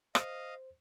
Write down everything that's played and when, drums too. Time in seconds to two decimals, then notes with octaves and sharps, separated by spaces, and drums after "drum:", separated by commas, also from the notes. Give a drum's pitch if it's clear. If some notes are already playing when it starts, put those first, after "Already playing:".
0.15 C5 D#5 F5, drum: rim click